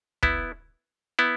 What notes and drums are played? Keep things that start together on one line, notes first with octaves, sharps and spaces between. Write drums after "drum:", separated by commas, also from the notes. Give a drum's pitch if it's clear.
B3 E4, drum: kick
B3 E4